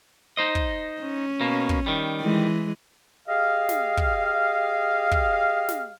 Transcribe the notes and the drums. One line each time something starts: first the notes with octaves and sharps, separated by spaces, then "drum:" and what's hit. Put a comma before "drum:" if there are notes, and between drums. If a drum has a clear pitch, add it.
D#4 C5 D#5
drum: kick
C#4
B2 A#3
drum: kick
D#3 G3
E3 G#3
G4 G#4 D#5 F5
drum: snare
drum: kick
drum: kick
drum: snare